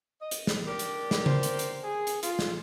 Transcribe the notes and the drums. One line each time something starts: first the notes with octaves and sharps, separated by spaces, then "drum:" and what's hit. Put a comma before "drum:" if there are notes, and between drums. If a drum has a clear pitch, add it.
D#5
drum: hi-hat
drum: snare
D4 G4 A#4
drum: hi-hat
drum: snare
C5, drum: tom C#3
drum: hi-hat
drum: hi-hat
G#4
drum: hi-hat
F4, drum: hi-hat
drum: snare